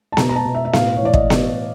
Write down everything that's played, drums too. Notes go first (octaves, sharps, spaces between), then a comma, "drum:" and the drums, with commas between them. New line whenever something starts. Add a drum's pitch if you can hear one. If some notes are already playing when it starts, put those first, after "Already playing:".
A5
B2 A#5, drum: snare B3
A#5
A5
B2
E5
E5
A2 F5, drum: snare B3
C#5
E3 D5
D#5, drum: kick
drum: snare B3